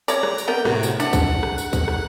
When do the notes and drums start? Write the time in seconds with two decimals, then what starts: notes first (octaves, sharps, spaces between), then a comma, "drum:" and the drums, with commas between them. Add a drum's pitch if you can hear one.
0.08 C#5 D5 A#5, drum: tambourine
0.23 drum: rim click
0.38 drum: tambourine
0.48 B3 A#4 G5
0.65 A2 C3 F#4, drum: rim click
0.83 drum: tambourine
1.00 D4 F#5, drum: tambourine
1.13 drum: kick, tambourine
1.43 drum: rim click
1.58 drum: tambourine
1.73 drum: kick, tambourine
1.88 drum: rim click